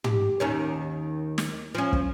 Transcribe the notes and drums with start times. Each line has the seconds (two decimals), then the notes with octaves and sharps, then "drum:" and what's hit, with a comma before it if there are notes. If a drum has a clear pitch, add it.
0.04 G4, drum: tom
0.40 D#2 D#3 C#4
1.38 drum: snare
1.75 F3 C#4
1.93 drum: kick